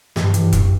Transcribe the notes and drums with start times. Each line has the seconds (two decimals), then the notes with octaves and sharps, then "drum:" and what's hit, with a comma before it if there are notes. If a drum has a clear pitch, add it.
0.16 G2 G4, drum: snare
0.34 E3, drum: hi-hat
0.53 F#2, drum: kick E1, hi-hat